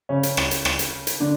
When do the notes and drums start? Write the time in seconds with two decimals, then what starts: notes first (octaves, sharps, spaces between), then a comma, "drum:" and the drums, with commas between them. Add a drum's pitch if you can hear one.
0.09 C#3 C#4
0.23 drum: hi-hat
0.37 drum: rim click
0.51 drum: hi-hat
0.65 drum: rim click
0.79 drum: hi-hat
1.07 drum: hi-hat
1.20 D3 D4